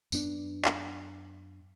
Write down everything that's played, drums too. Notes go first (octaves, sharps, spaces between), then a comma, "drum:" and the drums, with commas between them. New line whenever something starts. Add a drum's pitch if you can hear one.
F#2 B3 D4, drum: tambourine
drum: clap